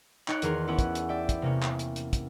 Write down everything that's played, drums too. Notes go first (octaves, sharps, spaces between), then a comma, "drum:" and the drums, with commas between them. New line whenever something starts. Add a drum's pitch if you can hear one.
D#4 C#5 G5 F#6 C#7, drum: clap
E2 D#3 G#4 A#4 C6, drum: hi-hat
B3 C#4 E4 G4 G#4 F#5
drum: kick, hi-hat
drum: hi-hat
D5 E5 G5
drum: kick, hi-hat
C3 A#3 C#4
drum: clap
drum: hi-hat
drum: hi-hat
drum: kick, hi-hat